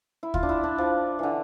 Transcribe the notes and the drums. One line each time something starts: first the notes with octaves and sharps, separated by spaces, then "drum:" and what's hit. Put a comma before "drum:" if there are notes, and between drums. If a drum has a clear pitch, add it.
E4
F4, drum: kick
D4
E4
D4
F3
D3 E3